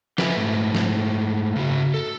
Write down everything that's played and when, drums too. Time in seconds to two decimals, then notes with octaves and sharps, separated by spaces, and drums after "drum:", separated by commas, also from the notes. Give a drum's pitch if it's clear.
0.18 G4 A4 B4 D#5 E5 G#5, drum: snare
0.36 G#2 A3
0.75 drum: snare
1.56 C#3 F#4
1.94 A4